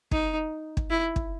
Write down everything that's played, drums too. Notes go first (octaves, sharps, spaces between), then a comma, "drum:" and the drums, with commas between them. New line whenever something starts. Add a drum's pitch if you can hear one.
D#4, drum: kick
drum: kick
E4
drum: kick